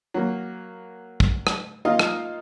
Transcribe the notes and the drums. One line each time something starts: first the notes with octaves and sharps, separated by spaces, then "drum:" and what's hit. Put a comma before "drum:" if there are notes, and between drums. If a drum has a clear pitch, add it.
F#3 A#3
drum: kick
drum: rim click
A#3 D#4 F4 D#5 F5
drum: rim click